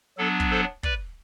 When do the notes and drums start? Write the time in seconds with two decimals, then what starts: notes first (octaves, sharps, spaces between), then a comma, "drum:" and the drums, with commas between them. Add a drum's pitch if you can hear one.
0.18 F#3 B3 D4 A4
0.40 drum: kick
0.51 A4 C5
0.83 B4 D5, drum: kick